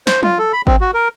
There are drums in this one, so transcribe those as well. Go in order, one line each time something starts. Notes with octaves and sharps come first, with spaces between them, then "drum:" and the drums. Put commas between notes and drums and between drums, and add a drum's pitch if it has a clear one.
C5, drum: snare
F4, drum: tom
A4
B5
C4, drum: kick G#1
F#4
A#4